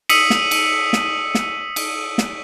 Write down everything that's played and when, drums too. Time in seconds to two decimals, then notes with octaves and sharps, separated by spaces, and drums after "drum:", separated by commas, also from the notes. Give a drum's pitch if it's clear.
0.09 D#6 E6 B6 C#7 D#7 F#7, drum: cymbal
0.30 drum: snare
0.51 drum: cymbal
0.93 drum: snare
1.35 drum: snare
1.76 drum: cymbal
2.18 drum: snare